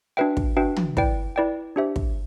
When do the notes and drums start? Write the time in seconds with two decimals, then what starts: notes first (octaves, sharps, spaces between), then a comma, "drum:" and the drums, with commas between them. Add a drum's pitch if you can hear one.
0.17 D4 F#4 B4 E5 G5
0.37 drum: kick
0.57 D4 F#4 B4 E5 G5
0.76 drum: tom
0.97 E4 B4 D5 G5, drum: kick
1.36 E4 B4 D5 G5
1.76 D4 G4 C5 E5
1.96 drum: kick